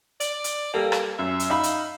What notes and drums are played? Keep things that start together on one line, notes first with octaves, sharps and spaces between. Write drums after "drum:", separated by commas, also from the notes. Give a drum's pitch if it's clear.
D5, drum: hi-hat
drum: hi-hat
G3 A#3 A4 F5
drum: rim click
F#2 E5
drum: hi-hat
D#4 F5 B5
drum: hi-hat